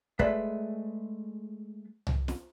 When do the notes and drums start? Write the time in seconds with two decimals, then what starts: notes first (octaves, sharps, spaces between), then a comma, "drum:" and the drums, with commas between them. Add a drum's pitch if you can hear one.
0.19 G#3 A3 B4 D5 E5, drum: kick
2.07 drum: tom C2
2.28 drum: snare